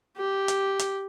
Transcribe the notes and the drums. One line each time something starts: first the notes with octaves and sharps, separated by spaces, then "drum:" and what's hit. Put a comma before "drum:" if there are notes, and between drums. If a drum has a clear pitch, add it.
G4
drum: hi-hat
drum: hi-hat